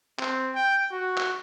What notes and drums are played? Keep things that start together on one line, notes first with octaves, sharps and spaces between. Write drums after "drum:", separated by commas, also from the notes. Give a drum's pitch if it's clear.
C4, drum: clap
G5
F#4
drum: clap